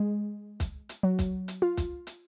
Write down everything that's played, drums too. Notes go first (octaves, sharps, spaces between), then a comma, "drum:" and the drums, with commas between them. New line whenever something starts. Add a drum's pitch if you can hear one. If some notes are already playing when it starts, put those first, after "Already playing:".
Already playing: G#3
drum: kick, hi-hat
drum: hi-hat
F#3
drum: kick, hi-hat
drum: hi-hat
F4
drum: kick, hi-hat
drum: hi-hat